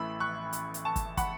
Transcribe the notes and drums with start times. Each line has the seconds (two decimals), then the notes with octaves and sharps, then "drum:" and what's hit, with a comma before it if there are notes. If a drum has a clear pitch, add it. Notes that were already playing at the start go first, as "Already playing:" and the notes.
Already playing: A1 A2 E3 B5 E6
0.20 C#6 F#6
0.53 drum: hi-hat
0.74 drum: hi-hat
0.85 A5 C#6
0.96 drum: kick, hi-hat
1.17 F#5 B5, drum: kick, hi-hat